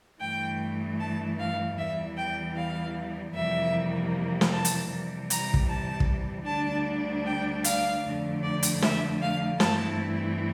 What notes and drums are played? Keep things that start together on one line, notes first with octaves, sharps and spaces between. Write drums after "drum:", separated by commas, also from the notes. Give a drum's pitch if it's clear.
G2 E3 A3 G5
A5
F5
E2 E3 G3 E5
G5
F5
F2 C3 E3 G3 A#3 E5
drum: snare
A5
drum: hi-hat
C3 E3 G3
A#5, drum: hi-hat
drum: kick
A5
drum: kick
D2 D3 G3 D4 A5
G5
F5, drum: hi-hat
F2 D3 A3
D5
drum: hi-hat
E5, drum: snare
F5
G2 E3 A3 C4 E4 A5, drum: snare